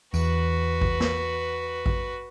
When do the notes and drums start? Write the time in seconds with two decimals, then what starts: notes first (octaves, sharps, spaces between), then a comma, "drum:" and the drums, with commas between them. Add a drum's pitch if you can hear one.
0.14 E2 F#4 B4, drum: tambourine
0.81 drum: kick A1
1.00 drum: snare
1.86 drum: kick A1